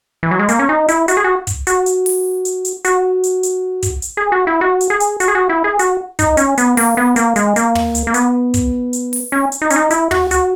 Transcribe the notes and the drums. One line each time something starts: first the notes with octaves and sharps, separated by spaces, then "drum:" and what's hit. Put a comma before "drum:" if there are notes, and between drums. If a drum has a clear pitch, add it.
E3
F#3
G#3
A#3, drum: hi-hat
C#4
D#4
E4, drum: hi-hat
F#4, drum: hi-hat
G#4
F#4
drum: kick, hi-hat
F#4, drum: hi-hat
drum: hi-hat
drum: open hi-hat
drum: hi-hat
drum: hi-hat
F#4, drum: hi-hat
drum: hi-hat
drum: hi-hat
drum: kick, hi-hat
drum: hi-hat
G#4
F#4
E4
F#4
drum: hi-hat
G#4
drum: hi-hat
F#4, drum: hi-hat
G#4
F#4
E4
G#4
F#4, drum: hi-hat
D#4, drum: kick, hi-hat
C#4, drum: hi-hat
B3, drum: hi-hat
A#3, drum: open hi-hat
B3
A#3, drum: hi-hat
G#3, drum: hi-hat
A#3, drum: hi-hat
drum: tom
drum: hi-hat
A#3
B3, drum: hi-hat
drum: kick, hi-hat
drum: hi-hat
drum: open hi-hat
C#4
drum: hi-hat
D#4
C#4, drum: hi-hat
D#4
E4, drum: hi-hat
F#4, drum: tom
F#4, drum: hi-hat